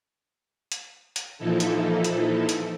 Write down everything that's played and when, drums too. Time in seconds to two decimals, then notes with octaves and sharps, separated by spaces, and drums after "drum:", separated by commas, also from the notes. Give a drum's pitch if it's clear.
0.72 drum: hi-hat
1.16 drum: hi-hat
1.38 A#2 E3 F3 D#4 E4 A4
1.60 drum: hi-hat
2.04 drum: hi-hat
2.49 drum: hi-hat